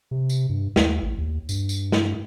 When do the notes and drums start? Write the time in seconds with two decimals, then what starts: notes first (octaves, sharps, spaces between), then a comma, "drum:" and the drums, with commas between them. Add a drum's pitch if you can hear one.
0.11 C3
0.30 drum: tambourine
0.49 G2
0.76 D#2, drum: snare
1.02 A1
1.18 D#2
1.49 G2, drum: tambourine
1.69 drum: tambourine
1.92 drum: snare